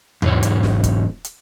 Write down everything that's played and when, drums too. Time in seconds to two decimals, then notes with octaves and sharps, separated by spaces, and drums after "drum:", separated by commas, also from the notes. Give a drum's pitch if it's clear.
0.22 E2 G#2 C#5, drum: tom D#2
0.43 drum: hi-hat
0.63 drum: snare
0.84 drum: kick, hi-hat
1.24 drum: hi-hat